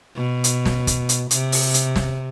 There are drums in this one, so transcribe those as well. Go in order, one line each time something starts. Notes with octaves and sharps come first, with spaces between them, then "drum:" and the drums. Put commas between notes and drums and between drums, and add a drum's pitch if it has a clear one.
B2
drum: hi-hat
drum: snare
drum: kick, hi-hat
drum: hi-hat
C3, drum: hi-hat
drum: open hi-hat
drum: hi-hat
drum: snare